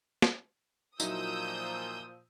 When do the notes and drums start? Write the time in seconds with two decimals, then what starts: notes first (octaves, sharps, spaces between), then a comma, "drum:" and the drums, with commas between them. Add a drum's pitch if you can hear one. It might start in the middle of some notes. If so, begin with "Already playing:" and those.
0.22 drum: snare
1.00 A#2 F3 F#3 D#4 E4 D#6 E6 G6, drum: tambourine